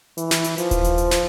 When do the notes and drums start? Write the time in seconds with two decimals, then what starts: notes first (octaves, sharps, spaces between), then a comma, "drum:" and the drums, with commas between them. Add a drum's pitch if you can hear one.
0.17 E3, drum: hi-hat
0.31 drum: snare
0.44 drum: hi-hat
0.58 F3, drum: hi-hat
0.71 drum: kick D#1, hi-hat
0.84 drum: hi-hat
0.98 drum: hi-hat
1.11 drum: snare